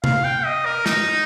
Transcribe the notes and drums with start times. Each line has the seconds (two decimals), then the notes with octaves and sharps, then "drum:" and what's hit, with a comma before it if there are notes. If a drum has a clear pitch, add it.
0.04 F5, drum: tom C3
0.24 G5
0.44 D#5
0.66 A#4
0.86 D#4, drum: snare